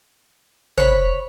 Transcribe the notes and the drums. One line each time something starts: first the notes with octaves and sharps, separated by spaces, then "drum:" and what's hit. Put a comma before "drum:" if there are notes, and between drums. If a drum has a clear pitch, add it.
C5 C#5 B5, drum: tom